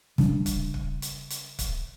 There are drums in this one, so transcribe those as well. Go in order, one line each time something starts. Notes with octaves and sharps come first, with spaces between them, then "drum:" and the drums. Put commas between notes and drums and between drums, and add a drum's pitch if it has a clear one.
C#3 G3 D4, drum: snare
drum: kick, hi-hat
drum: kick
drum: hi-hat
drum: hi-hat
drum: kick, hi-hat